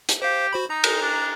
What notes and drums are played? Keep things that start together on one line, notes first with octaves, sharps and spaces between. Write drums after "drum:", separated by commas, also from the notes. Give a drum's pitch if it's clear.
drum: hi-hat
G4 C5 F5
F#4 C5 B5
D#4 A#5
drum: cymbal
D4